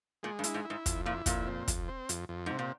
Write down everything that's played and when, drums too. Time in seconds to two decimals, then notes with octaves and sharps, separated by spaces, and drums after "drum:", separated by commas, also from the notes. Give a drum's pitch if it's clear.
0.23 A#2 G#3
0.39 G2
0.44 E4, drum: hi-hat
0.54 G#2
0.65 E4
0.70 G#2
0.86 F2, drum: kick, hi-hat
1.05 A#2 E4
1.26 F2 A#2, drum: kick, hi-hat
1.47 C4
1.68 F2, drum: kick, hi-hat
1.88 C4
2.09 F2, drum: hi-hat
2.29 F2
2.46 G#2 C3
2.59 A#2